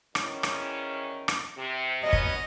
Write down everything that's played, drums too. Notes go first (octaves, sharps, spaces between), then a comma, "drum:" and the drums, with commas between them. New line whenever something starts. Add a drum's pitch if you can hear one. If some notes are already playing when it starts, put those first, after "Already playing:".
E2 D#3 C#4, drum: rim click
drum: rim click
drum: rim click
C3
F#3 B3 C#4 D#5
drum: kick